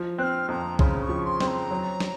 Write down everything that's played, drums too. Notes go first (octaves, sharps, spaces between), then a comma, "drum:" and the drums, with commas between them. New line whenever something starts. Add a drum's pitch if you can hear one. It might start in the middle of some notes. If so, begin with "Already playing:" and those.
Already playing: F3
C4 F6 F#6
F2 A#5
C#3 A#5 C6, drum: kick B1
C#6
F3
C6
C4, drum: snare
A#5
F#3
drum: snare